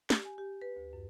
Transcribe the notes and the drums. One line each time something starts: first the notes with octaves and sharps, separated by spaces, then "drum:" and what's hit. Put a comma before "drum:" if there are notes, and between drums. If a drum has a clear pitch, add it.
G4, drum: snare
G#5
G4
B4
D2
F#2